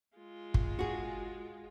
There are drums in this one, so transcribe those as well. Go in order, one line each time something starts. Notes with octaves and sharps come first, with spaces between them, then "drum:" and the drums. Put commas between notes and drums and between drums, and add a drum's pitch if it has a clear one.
G#3 F4
drum: kick G1
F#4 G#4